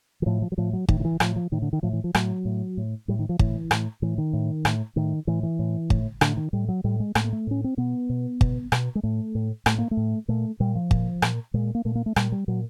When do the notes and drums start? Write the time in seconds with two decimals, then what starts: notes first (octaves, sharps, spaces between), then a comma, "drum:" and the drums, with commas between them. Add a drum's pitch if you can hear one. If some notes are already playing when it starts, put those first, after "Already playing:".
0.22 E3
0.26 A2 F3
0.42 F3
0.52 F#3
0.58 A2 F3
0.73 F#3
0.89 A2 D#3, drum: kick
1.00 D#3
1.05 E3
1.20 A2 F3, drum: rim click
1.36 F3
1.52 A2 D#3
1.62 D3
1.73 D#3
1.83 A2 F3
1.93 E3
2.04 F3
2.15 A2 F#3, drum: rim click
2.45 A2
2.77 A2
3.08 A2 G3
3.19 D#3
3.29 F3
3.39 A2 E3, drum: kick
3.71 A2, drum: rim click
4.02 A2 E3
4.18 D#3
4.33 A2
4.65 A2, drum: rim click
4.96 A2 D#3
5.27 A2 E3
5.43 E3
5.59 A2
5.90 A2, drum: kick
6.21 A2 D3, drum: rim click
6.37 D#3
6.53 A2 G3
6.68 F#3
6.84 A2 G3
7.00 G#3
7.15 A2 A3, drum: rim click
7.24 A#3
7.33 A3
7.47 A2 C#4
7.64 C4
7.77 B2 B3
8.09 B2
8.41 B2, drum: kick
8.72 B2, drum: rim click
8.95 G#3
9.03 A2 A3
9.35 A2
9.66 A2 A3, drum: rim click
9.78 A#3
9.91 A3
9.97 A2
10.28 A#2 A3
10.60 A#2 G3
10.75 F3
10.91 A#2, drum: kick
11.22 A#2, drum: rim click
11.54 A#2 G#3
11.75 A#3
11.85 A#2 A3
11.95 A#3
12.06 A3
12.16 A#2 G3, drum: rim click
12.32 G3
12.48 A#2 F#3